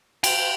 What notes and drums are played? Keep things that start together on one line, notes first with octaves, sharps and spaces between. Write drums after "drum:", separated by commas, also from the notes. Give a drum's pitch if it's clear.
G5, drum: cymbal